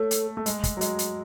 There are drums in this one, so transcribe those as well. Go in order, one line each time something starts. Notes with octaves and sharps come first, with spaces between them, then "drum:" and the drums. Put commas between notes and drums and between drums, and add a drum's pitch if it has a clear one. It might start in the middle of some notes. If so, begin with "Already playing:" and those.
Already playing: A3 A4 C#5
drum: hi-hat
A3
G#3, drum: hi-hat
drum: kick, hi-hat
F#3
G#3, drum: hi-hat
drum: hi-hat